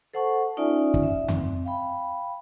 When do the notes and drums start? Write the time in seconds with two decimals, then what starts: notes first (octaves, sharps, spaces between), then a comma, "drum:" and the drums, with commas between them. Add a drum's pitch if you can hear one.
0.13 A4 C5 F#5 A5 C#6
0.57 C#4 D#4 F4 D5 E5 G#5
0.94 drum: kick
1.03 E5
1.28 C4, drum: tom F2
1.65 F5 G5 B5